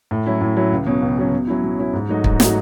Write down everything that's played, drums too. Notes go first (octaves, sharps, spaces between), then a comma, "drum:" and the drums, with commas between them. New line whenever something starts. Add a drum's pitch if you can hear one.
A2
F#3 C#4 E4
A2
F#3 C#4 E4
C#2
B2 F#3 C#4
C#2
B2 F#3 C#4
B2
F#3 C#4 E4
B2
F#3 C#4 E4
G#2
F#3 A3 D#4 F#4
G#2, drum: kick
F#3 A3 D#4 F#4, drum: snare